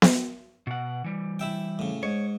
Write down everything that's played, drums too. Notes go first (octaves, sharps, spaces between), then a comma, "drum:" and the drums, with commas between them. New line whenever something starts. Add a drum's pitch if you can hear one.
drum: snare B3
B2 F#5
E3 G3
E4 E5 G5
A2 C#3
G#2 C#5